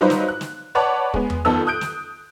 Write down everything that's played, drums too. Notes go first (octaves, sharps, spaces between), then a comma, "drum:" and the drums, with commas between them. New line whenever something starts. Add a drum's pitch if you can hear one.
F#3 G3 D#4 F4 B4 C5
drum: snare
F#6
drum: snare
B4 C#5 D5 F#5 A5 D6
G#3 B3, drum: kick
drum: tom E2
F2 D#3 B3 A5 E6
D#6 F#6 G6 D7
drum: snare